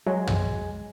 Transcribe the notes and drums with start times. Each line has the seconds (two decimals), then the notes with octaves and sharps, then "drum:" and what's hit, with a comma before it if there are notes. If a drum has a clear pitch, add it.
0.06 F#3 G#3
0.27 drum: tom